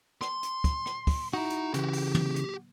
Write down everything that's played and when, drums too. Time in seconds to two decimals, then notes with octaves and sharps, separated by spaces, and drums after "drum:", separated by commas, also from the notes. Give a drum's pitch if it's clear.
0.21 C6, drum: rim click
0.43 drum: hi-hat
0.64 drum: kick, hi-hat
0.86 drum: rim click
1.07 drum: kick, open hi-hat
1.33 D#4 E4 F#4
1.50 drum: hi-hat
1.74 C#3 E3 F#4 G4, drum: hi-hat
1.93 drum: open hi-hat
2.14 drum: tom
2.36 drum: hi-hat